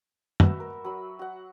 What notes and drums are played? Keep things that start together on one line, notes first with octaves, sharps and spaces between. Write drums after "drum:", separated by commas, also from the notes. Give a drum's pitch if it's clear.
F#4 B4 E5, drum: tom
A#4
F#3 B5
F#4 F#5